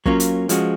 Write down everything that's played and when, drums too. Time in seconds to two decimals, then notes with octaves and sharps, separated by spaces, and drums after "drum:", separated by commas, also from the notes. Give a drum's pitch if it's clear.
0.06 F#3 A#3 C#4 F4, drum: kick
0.20 drum: hi-hat
0.49 F3 G#3 C#4 F#4, drum: hi-hat